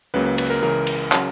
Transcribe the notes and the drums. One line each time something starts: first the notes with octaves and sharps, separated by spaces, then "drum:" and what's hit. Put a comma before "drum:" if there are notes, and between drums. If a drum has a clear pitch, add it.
C#2 C#3 F#3 A#3 B4
B4
B4, drum: cymbal
A#4
C#2 C#3 E3 A#4
drum: cymbal
C#3 F#3, drum: clap